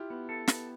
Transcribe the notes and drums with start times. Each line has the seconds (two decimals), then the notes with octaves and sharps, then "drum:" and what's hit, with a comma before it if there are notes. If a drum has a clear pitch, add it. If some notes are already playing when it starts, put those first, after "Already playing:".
Already playing: E4 F4 G4
0.10 B3
0.29 A4
0.48 B3, drum: snare